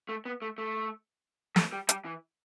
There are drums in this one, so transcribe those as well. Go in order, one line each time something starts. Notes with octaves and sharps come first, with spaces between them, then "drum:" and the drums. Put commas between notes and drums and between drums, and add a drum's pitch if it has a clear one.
A3
B3
A3
A3
A3, drum: snare
G3
G3, drum: hi-hat
E3